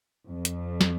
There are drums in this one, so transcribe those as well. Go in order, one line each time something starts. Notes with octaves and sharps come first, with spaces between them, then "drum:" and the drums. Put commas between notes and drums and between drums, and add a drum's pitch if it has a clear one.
F2
drum: hi-hat
drum: snare